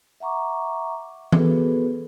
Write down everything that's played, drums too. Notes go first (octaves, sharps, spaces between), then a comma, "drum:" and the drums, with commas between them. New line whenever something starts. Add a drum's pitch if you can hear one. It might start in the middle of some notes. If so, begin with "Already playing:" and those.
E5 F#5 A#5 C#6 D6
B3 F#4 G#4 A4 B4, drum: tom E3